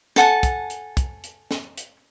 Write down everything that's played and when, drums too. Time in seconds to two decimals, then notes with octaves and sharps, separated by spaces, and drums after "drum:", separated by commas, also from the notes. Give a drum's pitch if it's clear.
0.16 A4 F#5 G#5 A5, drum: snare
0.43 drum: kick, hi-hat
0.70 drum: hi-hat
0.97 drum: kick, hi-hat
1.24 drum: hi-hat
1.51 drum: snare
1.78 drum: hi-hat